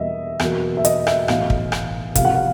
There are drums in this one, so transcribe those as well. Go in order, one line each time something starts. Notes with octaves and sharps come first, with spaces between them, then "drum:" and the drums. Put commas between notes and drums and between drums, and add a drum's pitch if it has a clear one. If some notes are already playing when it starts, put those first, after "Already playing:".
Already playing: E2 B2 G3 A#3 D#5 E5
E2 B2 F#3 A#3, drum: rim click
E5
D#5, drum: hi-hat
E5, drum: rim click
B1 A2 E3 F5, drum: rim click
drum: kick
drum: rim click
C2 C3 F3 F5, drum: kick, hi-hat
F#5
F5